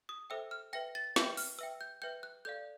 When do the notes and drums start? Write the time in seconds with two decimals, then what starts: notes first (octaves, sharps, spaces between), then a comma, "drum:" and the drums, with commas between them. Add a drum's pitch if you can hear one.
0.09 D#6
0.30 A4 C5 E5 G5 E6
0.51 F6
0.73 B4 E5 G5 A#6
0.95 A6
1.16 B4 E5 G5 G6, drum: snare
1.37 F6, drum: open hi-hat
1.58 B4 E5 G5 E6
1.81 G6
2.02 B4 E5 G5 G6
2.23 F#6
2.45 A4 D5 F5 G6